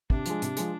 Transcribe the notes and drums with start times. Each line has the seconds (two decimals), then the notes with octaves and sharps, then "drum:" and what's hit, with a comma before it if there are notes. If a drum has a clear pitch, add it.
0.10 C3 D4, drum: kick
0.26 F3 G#3, drum: hi-hat
0.42 C3, drum: hi-hat
0.57 F3 G#3, drum: hi-hat